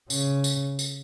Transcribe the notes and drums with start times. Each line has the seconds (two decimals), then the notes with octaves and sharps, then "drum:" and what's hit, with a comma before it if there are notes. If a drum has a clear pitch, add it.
0.10 C#3, drum: tambourine
0.44 drum: tambourine
0.79 drum: tambourine